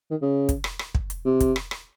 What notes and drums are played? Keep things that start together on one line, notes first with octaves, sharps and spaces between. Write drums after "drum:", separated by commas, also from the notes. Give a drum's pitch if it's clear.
D#3
C#3
drum: kick, hi-hat
drum: rim click
drum: rim click
drum: kick
drum: hi-hat
C3
drum: kick, hi-hat
drum: rim click
drum: rim click